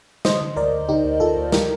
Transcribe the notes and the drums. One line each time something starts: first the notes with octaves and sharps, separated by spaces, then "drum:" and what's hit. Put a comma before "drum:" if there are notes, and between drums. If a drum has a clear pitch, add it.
D3 C5 D#5, drum: snare
D3
D2 A#4 D5
D2
D3 D#4 G4
D2
D2 F4 A4
D2
G4 A#4, drum: snare